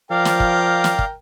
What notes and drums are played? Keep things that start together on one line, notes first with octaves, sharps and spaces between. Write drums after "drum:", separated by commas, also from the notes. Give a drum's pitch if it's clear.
F3 A#4 D5 F5 G5
drum: snare
drum: kick
drum: snare
drum: kick